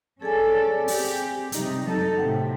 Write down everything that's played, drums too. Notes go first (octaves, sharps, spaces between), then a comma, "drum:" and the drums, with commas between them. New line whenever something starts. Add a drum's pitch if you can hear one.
C#4 G#4 A4 D5 G#5
C4 G4, drum: open hi-hat
C3 G3 D#4, drum: hi-hat
F#3 D#4 A4
A2 C3 F#5 G5